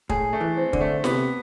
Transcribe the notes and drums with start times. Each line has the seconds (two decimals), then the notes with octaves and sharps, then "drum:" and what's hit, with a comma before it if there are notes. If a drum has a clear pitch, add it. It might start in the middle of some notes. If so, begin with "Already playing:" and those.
0.09 A2 G#4, drum: kick
0.33 A3
0.41 E3
0.57 C4
0.73 D3, drum: kick
0.81 A3
1.04 C3 B3, drum: snare